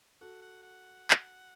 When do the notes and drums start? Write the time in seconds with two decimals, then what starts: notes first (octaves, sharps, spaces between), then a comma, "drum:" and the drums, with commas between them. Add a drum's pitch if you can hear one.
0.21 F#4 A4 F#5
0.42 F#5
0.63 F#5
1.11 drum: clap